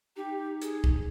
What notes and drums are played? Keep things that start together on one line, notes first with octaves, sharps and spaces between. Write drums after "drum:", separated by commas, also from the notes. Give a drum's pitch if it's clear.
D#4 G4
G#4, drum: hi-hat
drum: kick